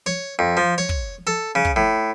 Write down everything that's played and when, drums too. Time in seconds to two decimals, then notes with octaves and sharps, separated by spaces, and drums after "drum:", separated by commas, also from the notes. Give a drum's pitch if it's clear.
0.06 C#5
0.39 F2
0.57 F3
0.78 C#5
0.89 drum: kick
1.27 A4
1.55 C#3
1.65 drum: kick
1.76 A2